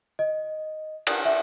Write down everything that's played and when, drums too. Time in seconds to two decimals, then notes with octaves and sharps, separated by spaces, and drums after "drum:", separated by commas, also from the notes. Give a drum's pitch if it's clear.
0.19 D#5
1.07 drum: cymbal
1.25 E5